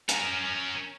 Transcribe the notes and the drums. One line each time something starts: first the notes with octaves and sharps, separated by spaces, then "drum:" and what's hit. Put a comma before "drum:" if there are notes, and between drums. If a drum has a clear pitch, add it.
C#4 A#4, drum: hi-hat